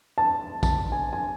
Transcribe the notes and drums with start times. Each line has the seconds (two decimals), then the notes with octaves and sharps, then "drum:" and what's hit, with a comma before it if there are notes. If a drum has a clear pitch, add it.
0.18 A5
0.63 A5, drum: kick A#1, tambourine
0.92 G#5
1.13 G#5